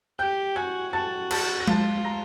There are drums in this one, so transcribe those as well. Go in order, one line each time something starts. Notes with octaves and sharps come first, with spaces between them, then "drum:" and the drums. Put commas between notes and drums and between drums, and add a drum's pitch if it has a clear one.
G4 G5 G6
F#4 G#5 G#6
F#4 A5 A6
A5 A6, drum: cymbal
A#6
F4 A5 A6, drum: tom G#3
A#5 A#6